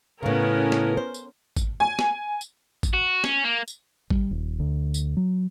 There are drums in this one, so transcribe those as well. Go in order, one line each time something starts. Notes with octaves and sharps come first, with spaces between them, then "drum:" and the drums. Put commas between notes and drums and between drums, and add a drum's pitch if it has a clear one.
A2 C#3 B3 C#4 A#4
drum: snare
C5
drum: tambourine
drum: kick, tambourine
G#5
drum: snare
drum: tambourine
drum: kick, tambourine
F#4
C#4, drum: snare
A#3
drum: tambourine
G3, drum: kick
D#1
D2
drum: tambourine
F#3